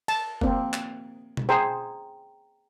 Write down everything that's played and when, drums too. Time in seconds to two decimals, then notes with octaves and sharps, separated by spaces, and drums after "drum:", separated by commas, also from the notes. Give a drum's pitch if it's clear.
0.08 A5, drum: cymbal
0.41 A#3 C4, drum: kick
0.74 drum: clap
1.37 drum: tom B2
1.49 G#4 C5 G5 A#5